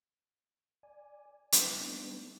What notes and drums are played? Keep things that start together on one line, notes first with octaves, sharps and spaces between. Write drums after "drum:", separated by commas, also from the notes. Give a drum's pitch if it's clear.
D5 G#5
G#3 E4, drum: hi-hat
G3 A3 B3 C4 D4 D#4